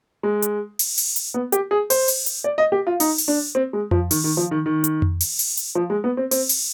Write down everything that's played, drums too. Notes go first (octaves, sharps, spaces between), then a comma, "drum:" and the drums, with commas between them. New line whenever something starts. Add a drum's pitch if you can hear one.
G#3
drum: hi-hat
drum: open hi-hat
drum: open hi-hat
drum: hi-hat
B3
G4, drum: hi-hat
G#4
C5, drum: open hi-hat
drum: open hi-hat
drum: hi-hat
D5
D#5
G4
F4
D#4, drum: open hi-hat
drum: open hi-hat
D4
C4
G#3
F3, drum: tom F2
D#3, drum: open hi-hat
D#3
F3
D#3
D#3
drum: hi-hat
drum: tom F2
drum: open hi-hat
drum: open hi-hat
drum: hi-hat
F3
G#3
B3
C4
C4, drum: open hi-hat
drum: open hi-hat